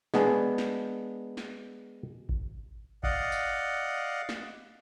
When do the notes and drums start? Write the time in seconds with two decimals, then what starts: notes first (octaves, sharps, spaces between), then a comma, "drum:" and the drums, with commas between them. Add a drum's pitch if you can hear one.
0.14 G#3 B3 D4 G#4, drum: snare
0.58 drum: snare
1.37 drum: snare
2.29 drum: kick G#1
3.03 D5 D#5 F5 F#5, drum: kick G#1
3.32 drum: tambourine
4.29 drum: snare